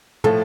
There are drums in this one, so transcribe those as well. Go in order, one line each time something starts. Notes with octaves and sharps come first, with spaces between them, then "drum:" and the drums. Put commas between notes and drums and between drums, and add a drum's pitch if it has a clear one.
A2 F3 A3 A4, drum: tom